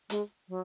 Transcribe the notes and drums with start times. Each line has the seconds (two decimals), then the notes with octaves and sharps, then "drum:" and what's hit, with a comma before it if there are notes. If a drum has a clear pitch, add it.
0.10 G#3, drum: hi-hat
0.49 F#3